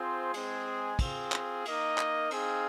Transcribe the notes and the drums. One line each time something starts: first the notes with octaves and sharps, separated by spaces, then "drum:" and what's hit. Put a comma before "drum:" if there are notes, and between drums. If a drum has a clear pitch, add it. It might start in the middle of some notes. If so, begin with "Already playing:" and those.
Already playing: C4 F4 G#4 C5
G#3 C4 G#4, drum: cymbal
C4 F4 G#4, drum: kick, cymbal
drum: clap
A#3 D#4 A#4 D#5, drum: cymbal
drum: clap
C4 D#4 G#4 F5, drum: cymbal